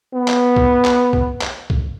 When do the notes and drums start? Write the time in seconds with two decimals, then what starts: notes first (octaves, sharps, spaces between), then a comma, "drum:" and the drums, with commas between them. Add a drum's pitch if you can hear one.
0.14 B3
0.28 drum: clap
0.56 drum: kick B1
0.85 drum: clap
1.13 drum: kick B1
1.42 drum: clap
1.70 drum: kick B1